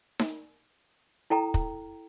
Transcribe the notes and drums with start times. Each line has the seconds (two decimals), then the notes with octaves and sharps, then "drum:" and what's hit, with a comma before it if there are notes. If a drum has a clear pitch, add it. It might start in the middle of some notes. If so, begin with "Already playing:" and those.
0.19 drum: snare D#4
1.30 E4 A4 G5 A#5
1.54 drum: kick